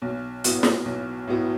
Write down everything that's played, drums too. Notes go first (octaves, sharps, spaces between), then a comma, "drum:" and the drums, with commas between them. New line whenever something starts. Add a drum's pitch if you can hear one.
B1
A2 F#3 B3, drum: hi-hat
drum: snare
B1
A2 F#3 B3